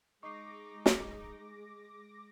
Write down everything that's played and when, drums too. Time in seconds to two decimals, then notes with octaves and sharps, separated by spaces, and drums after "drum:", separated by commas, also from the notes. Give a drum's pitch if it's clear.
0.23 G#3 D#4 C#6 D6 A#6 C7
0.86 drum: snare